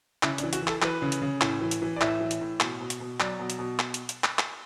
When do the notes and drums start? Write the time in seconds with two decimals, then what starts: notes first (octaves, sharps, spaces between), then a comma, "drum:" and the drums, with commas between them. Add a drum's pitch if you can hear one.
0.23 C#3 E4, drum: clap
0.38 D4, drum: hi-hat
0.43 E3
0.53 F#4, drum: hi-hat
0.62 E3
0.67 A4, drum: clap
0.82 E3 B4, drum: clap
1.02 C#3
1.12 drum: hi-hat
1.22 C#3
1.41 A2, drum: clap
1.61 E3
1.71 drum: hi-hat
1.82 E3
1.96 D5
2.01 A2 E5, drum: clap
2.20 E3
2.31 drum: hi-hat
2.41 A2
2.60 B2, drum: clap
2.81 B2
2.90 drum: hi-hat
3.00 B2
3.20 F#3 D5, drum: clap
3.39 B2
3.50 drum: hi-hat
3.59 B2
3.79 drum: clap
3.94 drum: hi-hat
4.09 drum: hi-hat
4.24 drum: clap
4.39 drum: clap